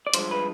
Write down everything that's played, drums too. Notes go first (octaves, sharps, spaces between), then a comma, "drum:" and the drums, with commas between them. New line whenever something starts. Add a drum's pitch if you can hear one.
D5
G2 F3 G#3 C5, drum: hi-hat
B4